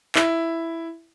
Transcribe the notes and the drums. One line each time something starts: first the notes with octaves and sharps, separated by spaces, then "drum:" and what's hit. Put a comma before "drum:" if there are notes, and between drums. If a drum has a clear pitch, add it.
E4, drum: clap